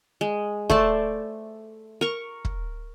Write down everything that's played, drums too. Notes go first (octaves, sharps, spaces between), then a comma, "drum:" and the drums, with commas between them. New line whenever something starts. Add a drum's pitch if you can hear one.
G#3
A3 C5 D5 A5, drum: kick
A#4 C#6
drum: kick